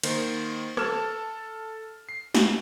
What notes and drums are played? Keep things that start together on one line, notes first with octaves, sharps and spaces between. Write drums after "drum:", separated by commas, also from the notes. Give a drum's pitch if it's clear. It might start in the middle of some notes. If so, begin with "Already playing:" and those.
D#3 A#3 C5, drum: cymbal
A4 A5 F6 E7, drum: rim click
C7
drum: snare